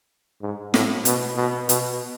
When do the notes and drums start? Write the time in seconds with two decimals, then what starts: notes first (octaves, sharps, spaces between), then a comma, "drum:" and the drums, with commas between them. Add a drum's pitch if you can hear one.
0.42 G#2
0.74 A2, drum: snare
1.05 B2, drum: hi-hat
1.37 B2
1.69 B2, drum: hi-hat